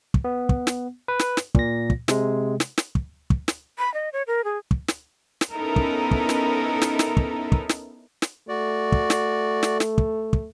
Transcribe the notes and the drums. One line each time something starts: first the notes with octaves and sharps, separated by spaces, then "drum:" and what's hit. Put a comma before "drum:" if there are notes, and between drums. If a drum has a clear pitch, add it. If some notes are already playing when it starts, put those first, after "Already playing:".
drum: kick
B3
drum: kick
drum: snare
B4
drum: snare
drum: snare
A#2 A#6, drum: kick
drum: kick
C3 G#3, drum: snare
drum: snare
drum: snare
drum: kick
drum: kick
drum: snare
B5
D#5
C#5
A#4
G#4
drum: kick
drum: snare
drum: snare
B3 C#4 D#4 E4 A4 A#4
drum: kick
drum: kick
drum: snare
drum: snare
drum: snare
drum: kick
drum: kick
drum: snare
drum: snare
A3 F#4 D5
drum: kick
drum: snare
drum: snare
drum: snare
drum: kick
drum: kick